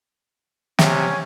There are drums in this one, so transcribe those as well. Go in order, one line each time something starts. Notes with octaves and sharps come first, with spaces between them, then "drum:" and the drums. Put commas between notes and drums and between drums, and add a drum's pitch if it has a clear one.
C3 C#4, drum: snare